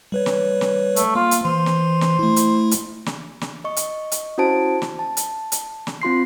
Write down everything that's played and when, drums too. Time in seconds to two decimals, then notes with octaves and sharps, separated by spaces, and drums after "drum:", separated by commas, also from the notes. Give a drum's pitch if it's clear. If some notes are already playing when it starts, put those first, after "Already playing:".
0.12 G3 B4 C#5
0.26 drum: snare
0.61 drum: snare
0.96 A3, drum: hi-hat
1.15 A#3 F4
1.31 drum: hi-hat
1.45 E3 C5
1.66 drum: snare
2.01 drum: snare
2.19 A3 E4
2.36 drum: hi-hat
2.71 drum: hi-hat
3.06 drum: snare
3.41 drum: snare
3.64 D#5 C#6
3.76 drum: hi-hat
4.12 drum: hi-hat
4.38 C#4 E4 F#4 C5 A5 D7
4.82 drum: snare
4.99 A5
5.17 drum: hi-hat
5.52 drum: hi-hat
5.87 drum: snare
6.02 C4 F4 C6 C7